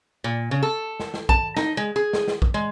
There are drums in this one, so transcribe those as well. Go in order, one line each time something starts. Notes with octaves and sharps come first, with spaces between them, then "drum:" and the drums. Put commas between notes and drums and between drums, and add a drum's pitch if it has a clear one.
A#2
C#3
A4
drum: snare
drum: snare
A5, drum: kick
D#4, drum: snare
G#3
G#4
drum: snare
drum: snare
drum: kick
G#3